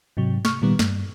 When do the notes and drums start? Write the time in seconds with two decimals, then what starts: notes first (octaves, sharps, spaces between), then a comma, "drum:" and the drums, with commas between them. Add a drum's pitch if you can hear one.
0.17 G#2 C3 F#3
0.45 C#6 F6, drum: snare
0.62 A#2 D#3 G3 B3
0.79 G2, drum: snare